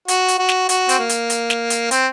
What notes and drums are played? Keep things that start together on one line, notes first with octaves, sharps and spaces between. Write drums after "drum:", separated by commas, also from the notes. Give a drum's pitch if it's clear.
F#4, drum: hi-hat
drum: hi-hat
F#4
drum: snare
F#4, drum: hi-hat
C4, drum: hi-hat
A#3
drum: hi-hat
drum: hi-hat
drum: snare
drum: hi-hat
C4, drum: hi-hat